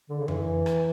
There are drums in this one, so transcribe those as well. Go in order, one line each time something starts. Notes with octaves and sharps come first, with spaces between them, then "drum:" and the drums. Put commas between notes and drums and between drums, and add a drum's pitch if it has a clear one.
D3
C#3
E3, drum: tom F2
drum: rim click